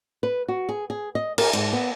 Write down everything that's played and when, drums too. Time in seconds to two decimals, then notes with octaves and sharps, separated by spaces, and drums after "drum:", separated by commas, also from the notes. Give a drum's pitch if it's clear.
0.23 B4
0.48 F#4
0.69 G#4
0.90 G#4
1.15 D#5
1.38 A#4, drum: cymbal
1.53 G#2, drum: hi-hat
1.73 B3